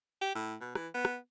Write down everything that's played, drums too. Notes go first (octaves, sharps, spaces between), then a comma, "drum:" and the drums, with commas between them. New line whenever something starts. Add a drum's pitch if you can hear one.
G4
A2
B2
E3, drum: rim click
B3
drum: rim click